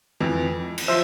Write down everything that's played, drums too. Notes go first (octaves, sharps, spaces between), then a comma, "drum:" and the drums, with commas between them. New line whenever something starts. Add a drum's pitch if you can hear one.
F2 E3
drum: cymbal
F3 C5 E5